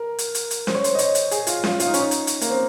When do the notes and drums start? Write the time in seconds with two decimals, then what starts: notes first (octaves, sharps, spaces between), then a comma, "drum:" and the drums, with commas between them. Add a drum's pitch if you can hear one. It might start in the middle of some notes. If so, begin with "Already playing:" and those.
Already playing: A#4
0.18 drum: hi-hat
0.35 drum: hi-hat
0.51 drum: hi-hat
0.67 C5, drum: snare C#4
0.75 C#5
0.84 C5, drum: hi-hat
0.95 D#5
0.99 C#5, drum: hi-hat
1.15 drum: hi-hat
1.31 G#4, drum: hi-hat
1.47 F4, drum: hi-hat
1.64 F4, drum: snare C#4
1.80 F4, drum: hi-hat
1.87 D#4
1.94 C#4, drum: hi-hat
2.01 D#4
2.11 drum: hi-hat
2.27 drum: hi-hat
2.41 A#3, drum: hi-hat
2.50 C4